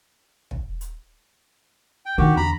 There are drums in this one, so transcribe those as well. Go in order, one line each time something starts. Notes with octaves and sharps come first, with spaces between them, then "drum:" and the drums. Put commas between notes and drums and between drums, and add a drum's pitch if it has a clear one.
drum: kick
drum: hi-hat
G5
D3 D#3 F#4 G4
E2 A#5 B5